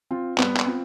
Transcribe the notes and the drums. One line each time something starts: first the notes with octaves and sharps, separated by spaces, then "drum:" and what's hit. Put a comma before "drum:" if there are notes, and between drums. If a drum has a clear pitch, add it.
C4 F4
G3 B3, drum: clap
drum: clap
C4 F4